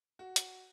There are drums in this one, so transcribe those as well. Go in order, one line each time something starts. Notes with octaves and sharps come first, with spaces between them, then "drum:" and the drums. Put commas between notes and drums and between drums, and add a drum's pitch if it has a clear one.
F#4
drum: hi-hat